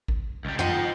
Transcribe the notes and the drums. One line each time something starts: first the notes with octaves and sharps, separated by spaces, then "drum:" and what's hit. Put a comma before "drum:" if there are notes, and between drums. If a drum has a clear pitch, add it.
drum: kick A1
C#2 G3
F2 D#4 C5 D#5 F#5, drum: tom F2